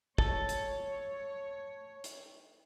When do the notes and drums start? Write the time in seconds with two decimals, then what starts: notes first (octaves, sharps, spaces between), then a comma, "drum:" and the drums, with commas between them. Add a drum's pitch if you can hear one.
0.18 A4 C#5, drum: kick
0.49 drum: hi-hat
2.04 drum: hi-hat